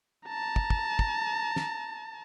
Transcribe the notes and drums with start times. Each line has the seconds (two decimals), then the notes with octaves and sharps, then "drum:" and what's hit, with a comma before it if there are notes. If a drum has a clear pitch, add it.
0.27 A5 A#5
0.56 drum: kick
0.70 drum: kick
0.99 drum: kick
1.56 drum: snare